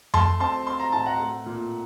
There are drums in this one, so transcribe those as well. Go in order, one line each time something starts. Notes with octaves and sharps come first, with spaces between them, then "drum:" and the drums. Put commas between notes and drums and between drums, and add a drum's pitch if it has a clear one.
A3 A5 C6, drum: tom F2
C4 A5 C6
C4 C6
A#5
A2 A5
F#5 A#5
A3
A#2